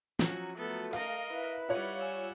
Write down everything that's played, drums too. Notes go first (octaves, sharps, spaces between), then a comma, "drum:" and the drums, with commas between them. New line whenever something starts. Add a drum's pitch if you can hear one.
F3 F#3 C#4 F#4, drum: snare
A3 B3 A4
A#4 D#5 F5, drum: open hi-hat
E4 B4
G3 F4 C#5 F#5
G#5 E6